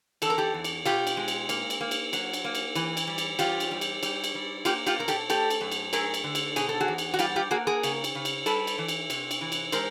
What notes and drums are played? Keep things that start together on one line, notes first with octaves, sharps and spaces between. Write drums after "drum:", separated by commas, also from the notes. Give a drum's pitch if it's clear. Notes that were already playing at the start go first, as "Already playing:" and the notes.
E2 A4, drum: cymbal
A#4
G4 A4
E2
drum: cymbal
B2 F4 G4, drum: cymbal
drum: cymbal
G#3
drum: cymbal
A#3, drum: cymbal
drum: cymbal
A#3
drum: cymbal
F#3, drum: cymbal
drum: cymbal
A#3
drum: cymbal
E3, drum: cymbal
drum: cymbal
G3
drum: cymbal
E2 F4 G4, drum: cymbal
drum: cymbal
G3
drum: cymbal
G3, drum: cymbal
drum: cymbal
G3
A#3 F4 G4, drum: cymbal
F4 G4, drum: cymbal
B2 A#4
G4 A4, drum: cymbal
A3 G4 A4, drum: cymbal
drum: cymbal
F#2
drum: cymbal
A3 G#4 A#4, drum: cymbal
drum: cymbal
D3
drum: cymbal
B2 G#4, drum: cymbal
A4
F#4 G#4
E2
drum: cymbal
F#4
G3 F4 G4, drum: cymbal
F4 G4
A#3 F#4 G#4
G#4 A#4
C#3, drum: cymbal
drum: cymbal
C#3
drum: cymbal
G3 A4 B4, drum: cymbal
drum: cymbal
E3
drum: cymbal
C3, drum: cymbal
drum: cymbal
E3
drum: cymbal
G#3 A#4 C5, drum: cymbal